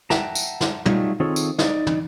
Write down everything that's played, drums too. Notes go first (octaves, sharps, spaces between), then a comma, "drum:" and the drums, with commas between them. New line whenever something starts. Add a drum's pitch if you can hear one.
E5 F#5 G5 A5 A#5, drum: snare
drum: tambourine
drum: snare
F#3 G3 A3 D#4 F4, drum: tom
D#3 C4 F4 G#4 A4 C#5
drum: tambourine
D#4 D5, drum: snare
drum: tom